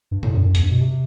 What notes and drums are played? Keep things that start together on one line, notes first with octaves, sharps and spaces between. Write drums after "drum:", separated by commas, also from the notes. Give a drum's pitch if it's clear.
G2
A2, drum: tom B2
F#2
F#2
E2, drum: hi-hat
G2
B2
C3